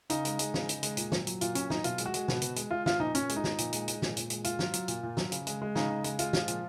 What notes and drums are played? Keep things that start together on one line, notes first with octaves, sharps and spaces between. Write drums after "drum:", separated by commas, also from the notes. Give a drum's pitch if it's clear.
C#3 D#4, drum: hi-hat
G#3, drum: hi-hat
G#3, drum: hi-hat
C#3, drum: snare
C#3, drum: hi-hat
G#3, drum: hi-hat
A#2, drum: hi-hat
F#3, drum: snare
F#3, drum: hi-hat
A#2 F4, drum: hi-hat
A#2 C#4, drum: hi-hat
F#3 D#4, drum: snare
B2 F4, drum: hi-hat
G#3, drum: hi-hat
F#4
G#3, drum: hi-hat
B2, drum: snare
B2, drum: hi-hat
G#3, drum: hi-hat
G#3 F4
F3 F4, drum: snare
A#2 D#4
A#2 C#4, drum: hi-hat
G#3, drum: hi-hat
D#4
F3, drum: snare
A#2, drum: hi-hat
G#3, drum: hi-hat
G#3, drum: hi-hat
A#2, drum: snare
A#2, drum: hi-hat
G#3, drum: hi-hat
A#2 F4, drum: hi-hat
F#3, drum: snare
F#3, drum: hi-hat
A#2, drum: hi-hat
A#2
F#3, drum: snare
C#3, drum: hi-hat
G#3, drum: hi-hat
G#3
C#3 D#4, drum: snare
C#3
G#3, drum: hi-hat
G#3 F4, drum: hi-hat
F3, drum: snare
A#2, drum: hi-hat